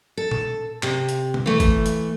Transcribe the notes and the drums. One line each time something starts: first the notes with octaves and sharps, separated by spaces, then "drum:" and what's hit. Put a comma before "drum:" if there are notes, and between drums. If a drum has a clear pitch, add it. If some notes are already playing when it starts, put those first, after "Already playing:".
A4
drum: tom A#2
C3, drum: clap
drum: hi-hat
drum: tom B2
E3 A3
drum: kick, hi-hat
drum: hi-hat